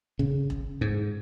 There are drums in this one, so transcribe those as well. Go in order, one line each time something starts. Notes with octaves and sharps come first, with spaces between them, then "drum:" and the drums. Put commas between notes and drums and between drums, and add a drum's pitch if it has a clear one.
C#3, drum: tom A#1
drum: kick E1
G#2